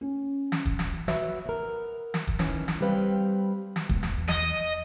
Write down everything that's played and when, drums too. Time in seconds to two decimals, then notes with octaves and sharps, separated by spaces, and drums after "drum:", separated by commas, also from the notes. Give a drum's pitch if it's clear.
0.01 C#4
0.52 drum: snare
0.65 drum: kick
0.79 drum: snare
1.08 F#4 B4 C#5 E5, drum: snare
1.46 B3 A#4
2.14 drum: snare
2.27 drum: kick
2.39 D#3 E3 C#4, drum: snare
2.68 drum: snare
2.81 G3 C4 B4 F5 G5
3.76 drum: snare
3.89 E2, drum: kick
4.03 drum: snare
4.28 D#5, drum: snare